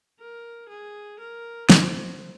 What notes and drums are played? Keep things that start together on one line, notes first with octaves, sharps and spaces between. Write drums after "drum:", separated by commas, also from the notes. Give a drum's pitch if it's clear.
A#4
G#4
A#4
C5, drum: snare